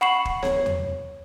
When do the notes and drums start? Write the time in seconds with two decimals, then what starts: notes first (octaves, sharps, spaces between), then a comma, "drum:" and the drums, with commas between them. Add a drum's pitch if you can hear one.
0.01 F#5 B5 C#6 C7 E7 F#7
0.25 drum: kick
0.43 C#5, drum: snare B3
0.66 drum: tom E2